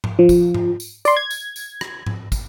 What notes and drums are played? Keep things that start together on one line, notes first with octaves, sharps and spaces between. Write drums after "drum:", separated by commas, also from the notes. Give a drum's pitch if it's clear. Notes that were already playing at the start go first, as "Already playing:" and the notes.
drum: tom G#2
F3
drum: kick, tambourine
drum: tom G#2
drum: tambourine
D5 C6, drum: tambourine
G#6
drum: tambourine
drum: tambourine
drum: rim click
drum: tom G#2
drum: kick, tambourine